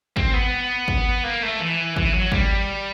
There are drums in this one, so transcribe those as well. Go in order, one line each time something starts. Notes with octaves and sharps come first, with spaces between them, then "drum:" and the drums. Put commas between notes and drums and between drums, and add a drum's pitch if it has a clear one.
C4, drum: kick
B3
drum: kick
A#3
A3
E3
E3, drum: kick
F#3
G3, drum: kick